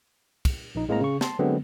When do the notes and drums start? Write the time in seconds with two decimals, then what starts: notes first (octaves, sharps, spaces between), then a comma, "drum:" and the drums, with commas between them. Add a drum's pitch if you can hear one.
0.45 drum: kick, cymbal
0.75 A#1 D#4
0.89 A2 G#3 A#3 C4 A#4 A#5
1.01 C#3 C#6
1.21 A5 C6, drum: snare
1.39 D3 F#3 G#3 B3 C4